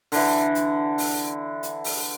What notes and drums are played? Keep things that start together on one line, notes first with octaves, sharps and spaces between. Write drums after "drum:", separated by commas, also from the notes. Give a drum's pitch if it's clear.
D3 E3, drum: open hi-hat
drum: hi-hat
drum: open hi-hat
drum: hi-hat
drum: open hi-hat